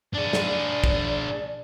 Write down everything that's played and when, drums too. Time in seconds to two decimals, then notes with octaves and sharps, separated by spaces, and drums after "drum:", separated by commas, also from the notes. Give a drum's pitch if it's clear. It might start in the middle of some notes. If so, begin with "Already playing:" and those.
0.14 D4 G#4 D5
0.33 drum: snare
0.84 drum: kick